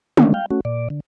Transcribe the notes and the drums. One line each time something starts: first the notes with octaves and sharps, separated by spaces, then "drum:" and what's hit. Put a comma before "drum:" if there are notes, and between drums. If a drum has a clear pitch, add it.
D3 D#3 A3 A#3 C#4 D4, drum: tom
F5 G5
A3 C#4 F#4
A#2 D5
D3